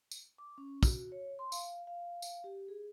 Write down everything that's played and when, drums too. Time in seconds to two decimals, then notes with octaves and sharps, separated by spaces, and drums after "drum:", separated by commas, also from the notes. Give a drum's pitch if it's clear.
0.12 drum: tambourine
0.38 D6
0.58 C#4
0.83 F#4, drum: kick, tambourine
1.12 C#5
1.39 C6
1.52 F5, drum: tambourine
1.87 F5
2.22 drum: tambourine
2.44 G4
2.68 G#4